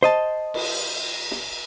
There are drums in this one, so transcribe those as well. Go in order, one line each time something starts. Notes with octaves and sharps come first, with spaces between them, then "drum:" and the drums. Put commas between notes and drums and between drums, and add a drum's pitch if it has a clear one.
C5 D#5 A5, drum: snare
drum: cymbal
drum: snare